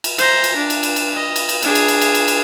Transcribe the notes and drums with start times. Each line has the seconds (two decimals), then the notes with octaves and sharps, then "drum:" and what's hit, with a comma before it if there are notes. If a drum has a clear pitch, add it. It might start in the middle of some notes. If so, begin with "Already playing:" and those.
0.04 drum: cymbal
0.18 C5 A#5, drum: cymbal
0.44 drum: cymbal
0.57 D4
0.70 drum: cymbal
0.83 drum: cymbal
0.96 drum: cymbal
1.15 D#5
1.36 drum: cymbal
1.49 drum: cymbal
1.62 D4 G#4, drum: cymbal
1.75 drum: cymbal
1.88 drum: cymbal
2.01 drum: cymbal
2.15 drum: cymbal
2.28 drum: cymbal